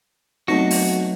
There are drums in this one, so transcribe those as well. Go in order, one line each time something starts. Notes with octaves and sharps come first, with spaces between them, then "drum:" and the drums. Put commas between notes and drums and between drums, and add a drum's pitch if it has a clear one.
B2 F#3 A3 C4 D#4 F#4 A#6
drum: open hi-hat